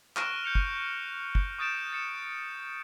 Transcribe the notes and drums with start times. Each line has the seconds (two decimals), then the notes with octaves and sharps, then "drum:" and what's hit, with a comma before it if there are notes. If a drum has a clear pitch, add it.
0.16 C#6 F6 F#6 A#6 D7 E7, drum: clap
0.44 G6 C#7 F7
0.55 drum: kick
1.35 drum: kick
1.58 C#6 D#6 G6 A6 D7 E7
1.92 A6 C#7 E7